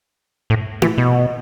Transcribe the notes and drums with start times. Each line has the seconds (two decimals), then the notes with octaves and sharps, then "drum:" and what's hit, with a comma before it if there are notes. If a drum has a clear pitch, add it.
0.50 A2
0.82 E3, drum: tom E4
0.98 B2